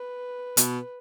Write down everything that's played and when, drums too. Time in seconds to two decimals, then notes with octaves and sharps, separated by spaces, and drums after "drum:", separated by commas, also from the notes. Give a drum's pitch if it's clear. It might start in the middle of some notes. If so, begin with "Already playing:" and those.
Already playing: B4
0.57 B2, drum: hi-hat